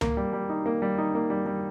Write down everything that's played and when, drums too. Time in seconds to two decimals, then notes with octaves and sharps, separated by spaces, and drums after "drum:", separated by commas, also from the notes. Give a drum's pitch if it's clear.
0.01 A#3, drum: tom C#2
0.17 G3
0.33 G3
0.49 D#4
0.66 A#3
0.82 G3
0.98 D#4
1.15 A#3
1.30 G3
1.46 G3